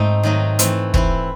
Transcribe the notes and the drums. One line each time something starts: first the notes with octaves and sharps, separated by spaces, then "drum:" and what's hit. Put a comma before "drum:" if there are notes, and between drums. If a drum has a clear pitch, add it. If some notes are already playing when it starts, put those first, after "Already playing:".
Already playing: G#2 A3 C4 D#4
D#3 F#3 A3 D#4
E3 A3 C4, drum: hi-hat
E3 C4 E4, drum: kick